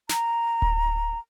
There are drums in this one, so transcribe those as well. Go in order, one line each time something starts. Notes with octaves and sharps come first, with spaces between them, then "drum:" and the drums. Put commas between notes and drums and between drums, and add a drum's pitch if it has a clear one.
A#5, drum: snare
drum: kick D1